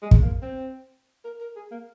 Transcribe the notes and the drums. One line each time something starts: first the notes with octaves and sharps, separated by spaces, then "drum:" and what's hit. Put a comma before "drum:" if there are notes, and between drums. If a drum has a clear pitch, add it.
G#3
drum: kick
A#3
C4
A#4
A#4
G#4
A#3